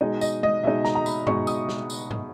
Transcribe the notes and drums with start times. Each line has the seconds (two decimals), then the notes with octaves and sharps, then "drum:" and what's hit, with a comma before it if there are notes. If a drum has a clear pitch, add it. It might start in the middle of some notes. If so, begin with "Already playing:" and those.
0.01 B2 G#3 D#4 D#5
0.21 D#5, drum: tambourine
0.43 D#5, drum: tom G#3
0.64 B2 G#3 D#4 E5
0.85 A#5, drum: snare
0.95 A#5
1.06 B5, drum: tambourine
1.27 B2 G#3 D#4 C#6, drum: tom G2
1.47 D#6, drum: tambourine
1.69 drum: snare
1.90 drum: tambourine
2.11 drum: tom